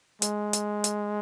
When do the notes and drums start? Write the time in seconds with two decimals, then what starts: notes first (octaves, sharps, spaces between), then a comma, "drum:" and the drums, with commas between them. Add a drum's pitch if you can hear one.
0.22 G#3, drum: hi-hat
0.53 drum: hi-hat
0.84 drum: hi-hat